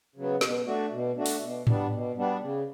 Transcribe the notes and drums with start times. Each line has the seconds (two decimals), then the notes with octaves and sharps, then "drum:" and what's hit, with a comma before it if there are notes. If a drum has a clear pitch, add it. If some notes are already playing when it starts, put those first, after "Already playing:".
0.16 C#3 F#3 B3
0.41 B2, drum: snare
0.66 A3 D4 F#4
0.91 B2
1.16 A3 D4 F#4
1.26 drum: open hi-hat
1.42 B2
1.67 G3 B3 D4, drum: tom G#2
1.92 B2
2.17 G3 B3 D4
2.42 C#3